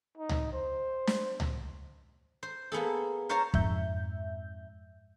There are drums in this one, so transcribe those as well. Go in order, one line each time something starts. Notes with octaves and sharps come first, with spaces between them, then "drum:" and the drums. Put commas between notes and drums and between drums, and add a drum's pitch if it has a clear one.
D#4
drum: tom C#2
C5
drum: snare
drum: tom C#2
C5
A#3 B3 G#4 A4
A#4 C5 C#5 F5 A5 A#5
F2 G#2 E5 G6, drum: kick